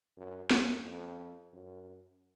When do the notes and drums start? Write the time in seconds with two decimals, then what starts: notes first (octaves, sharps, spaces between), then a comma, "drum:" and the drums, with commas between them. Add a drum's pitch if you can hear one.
0.17 F#2
0.51 F#2, drum: snare
0.85 F2
1.53 F#2